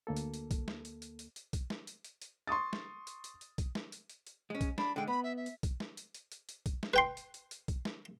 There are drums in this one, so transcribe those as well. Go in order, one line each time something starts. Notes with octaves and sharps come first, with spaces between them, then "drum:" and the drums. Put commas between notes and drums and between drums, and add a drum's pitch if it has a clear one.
D2 A#3 A4
drum: hi-hat
drum: hi-hat
drum: kick, hi-hat
drum: snare
drum: hi-hat
drum: hi-hat
drum: hi-hat
drum: hi-hat
drum: kick, hi-hat
drum: snare
drum: hi-hat
drum: hi-hat
drum: hi-hat
C6 C#6 D#6 A6
drum: snare
drum: hi-hat
drum: hi-hat
drum: hi-hat
drum: kick, hi-hat
drum: snare
drum: hi-hat
drum: hi-hat
drum: hi-hat
G#3 C#4
drum: kick, hi-hat
D4 B5, drum: snare
D3 G#3 G5
B3 B5
E5
E5
drum: hi-hat
drum: kick, hi-hat
drum: snare
drum: hi-hat
drum: hi-hat
drum: hi-hat
drum: hi-hat
drum: kick, hi-hat
drum: snare
B4 G5 C6
drum: hi-hat
drum: hi-hat
drum: hi-hat
drum: kick, hi-hat
drum: snare